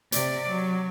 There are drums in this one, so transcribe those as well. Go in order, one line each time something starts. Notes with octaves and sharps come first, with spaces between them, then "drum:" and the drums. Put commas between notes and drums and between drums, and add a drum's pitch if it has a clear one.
C3 D5, drum: hi-hat
F#3